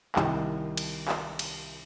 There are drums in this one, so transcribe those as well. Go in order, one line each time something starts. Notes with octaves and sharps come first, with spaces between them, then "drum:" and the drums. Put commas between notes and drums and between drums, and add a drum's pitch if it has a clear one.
C2 D#3 G3 G4, drum: clap
drum: cymbal
drum: clap
drum: cymbal